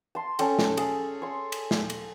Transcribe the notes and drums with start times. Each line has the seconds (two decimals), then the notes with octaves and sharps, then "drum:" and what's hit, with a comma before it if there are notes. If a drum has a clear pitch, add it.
0.15 A5 C6
0.39 C#4 A4 G5, drum: cymbal
0.59 drum: snare
0.77 G#4 A4, drum: cymbal
1.22 C#5 C6
1.52 drum: cymbal
1.71 drum: snare
1.90 drum: cymbal